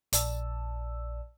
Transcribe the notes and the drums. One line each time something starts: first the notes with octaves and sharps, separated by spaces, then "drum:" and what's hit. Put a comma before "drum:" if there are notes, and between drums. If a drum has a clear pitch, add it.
A#1 D5 A5 E6, drum: hi-hat